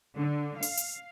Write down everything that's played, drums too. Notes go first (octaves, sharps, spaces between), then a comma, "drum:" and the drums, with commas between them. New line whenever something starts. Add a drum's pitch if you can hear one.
D3
F5, drum: open hi-hat
drum: hi-hat